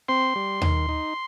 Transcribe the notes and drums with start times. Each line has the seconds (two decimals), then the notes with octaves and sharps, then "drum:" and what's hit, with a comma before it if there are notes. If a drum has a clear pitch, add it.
0.08 C4 C6
0.36 G3
0.61 D#3, drum: tom D#2
0.89 D#4